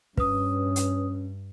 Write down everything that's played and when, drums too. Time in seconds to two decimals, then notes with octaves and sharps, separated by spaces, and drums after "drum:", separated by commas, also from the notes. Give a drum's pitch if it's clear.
0.17 G2 C#4 B4 D#6, drum: kick
0.76 drum: hi-hat